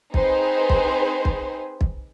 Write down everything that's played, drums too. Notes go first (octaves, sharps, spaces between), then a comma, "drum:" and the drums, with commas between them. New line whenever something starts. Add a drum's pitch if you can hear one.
C4 D#4 G#4 B4 C5, drum: kick
drum: kick
drum: kick
drum: kick